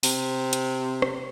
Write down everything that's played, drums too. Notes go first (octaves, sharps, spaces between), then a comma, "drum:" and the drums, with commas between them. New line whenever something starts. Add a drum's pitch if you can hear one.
C3, drum: open hi-hat
drum: hi-hat
drum: rim click